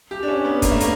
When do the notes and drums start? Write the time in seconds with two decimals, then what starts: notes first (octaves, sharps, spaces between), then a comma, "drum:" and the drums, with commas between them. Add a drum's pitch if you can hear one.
0.11 G4
0.23 D4
0.28 C#4
0.45 B3
0.62 A#3, drum: kick F#1, hi-hat
0.71 A3
0.80 A#3, drum: hi-hat